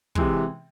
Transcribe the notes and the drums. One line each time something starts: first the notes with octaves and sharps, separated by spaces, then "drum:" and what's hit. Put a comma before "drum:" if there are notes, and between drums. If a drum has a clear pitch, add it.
C3 E3 G#3, drum: kick